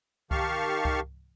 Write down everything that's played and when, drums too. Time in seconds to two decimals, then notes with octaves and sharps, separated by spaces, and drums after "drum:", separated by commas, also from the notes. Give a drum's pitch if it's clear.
0.31 D#3 G4 F5 A5 C#6 F6, drum: kick C#2
0.85 drum: kick C#2